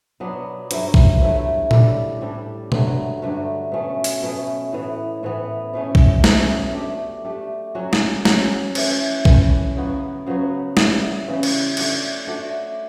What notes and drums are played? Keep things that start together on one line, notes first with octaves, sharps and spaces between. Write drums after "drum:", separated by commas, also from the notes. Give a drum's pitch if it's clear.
B2 F#3 B3 D4
G2 F#3 A3 E4, drum: hi-hat
drum: kick B1
G2 F#3 A3 E4
A2 G3 D4 A4, drum: tom A#2
A2 G3 D4 A4
G2 D3 F#3 A3, drum: tom B2
G2 D3 F#3 A3
B2 A3 C#4
drum: open hi-hat
B2 A3 C#4
A2 E3 B3
A2 E3 B3
B2 A3 C#4
drum: kick B1
B2 A3 C#4, drum: snare
A3 D4 G4
A3 D4 G4
F#3 C#4 F#4
drum: snare
F#3 C#4 F#4, drum: snare
E3 A3 C#4, drum: cymbal
E3 A3 C#4, drum: kick B1
C#3 F#3 B3 F#4
C#3 F#3 B3 F#4
C#3 E3 G3, drum: snare
C#3 E3 G3
drum: cymbal
A3 D4 F#4 C#5, drum: cymbal
A3 D4 F#4 C#5